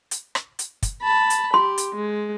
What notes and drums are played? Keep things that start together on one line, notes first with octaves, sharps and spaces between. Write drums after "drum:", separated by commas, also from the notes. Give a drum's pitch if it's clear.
drum: hi-hat
drum: rim click
drum: hi-hat
drum: kick, hi-hat
A5 B5
drum: hi-hat
G4 C6
drum: hi-hat
G#3